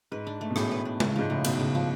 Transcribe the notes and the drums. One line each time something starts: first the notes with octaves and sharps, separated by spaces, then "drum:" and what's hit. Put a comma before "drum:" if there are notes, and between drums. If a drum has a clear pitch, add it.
G#2 B4
D4
A3
B2
A1 A2 G#4, drum: rim click
B4
D4
C#3, drum: tom G#3
G#2 F3
A2 C#3
B1 B2 B3, drum: cymbal
C#3
F3